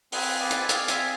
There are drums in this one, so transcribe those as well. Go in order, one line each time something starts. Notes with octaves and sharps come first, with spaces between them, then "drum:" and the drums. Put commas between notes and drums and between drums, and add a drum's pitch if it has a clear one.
C4 F4 G#4 B4, drum: open hi-hat
B4 D5
drum: hi-hat
G#5
C4 F4 G#4 D5 F5, drum: hi-hat
E5 G#5, drum: hi-hat